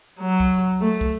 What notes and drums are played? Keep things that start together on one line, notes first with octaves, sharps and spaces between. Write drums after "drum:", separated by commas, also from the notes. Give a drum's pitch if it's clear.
F#3
drum: kick
A3
drum: kick